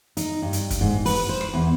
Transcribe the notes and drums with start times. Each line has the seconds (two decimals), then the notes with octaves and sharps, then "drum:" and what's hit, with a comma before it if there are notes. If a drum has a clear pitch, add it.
0.17 D#4, drum: hi-hat
0.42 G2
0.53 drum: hi-hat
0.70 drum: kick, hi-hat
0.81 G#2
1.06 B4, drum: open hi-hat
1.29 C5
1.41 drum: rim click
1.54 E2